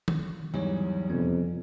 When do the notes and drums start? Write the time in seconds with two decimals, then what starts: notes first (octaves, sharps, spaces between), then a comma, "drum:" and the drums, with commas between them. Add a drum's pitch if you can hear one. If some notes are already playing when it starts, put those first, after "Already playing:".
0.08 drum: tom D#3
0.54 E2 G#2 F#3 G3 C#5
1.10 F2 C3 B3